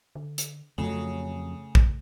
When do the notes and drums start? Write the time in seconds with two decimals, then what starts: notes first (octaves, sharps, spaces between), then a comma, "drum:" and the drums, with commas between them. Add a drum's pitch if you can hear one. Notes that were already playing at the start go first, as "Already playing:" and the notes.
0.15 D3
0.38 drum: hi-hat
0.78 F2 C#3 F#3 A3
1.75 drum: kick A#1